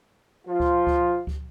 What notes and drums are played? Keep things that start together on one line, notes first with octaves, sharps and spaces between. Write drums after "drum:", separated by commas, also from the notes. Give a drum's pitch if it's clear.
F3 F4
drum: kick C#2
drum: kick C#2
drum: kick C#2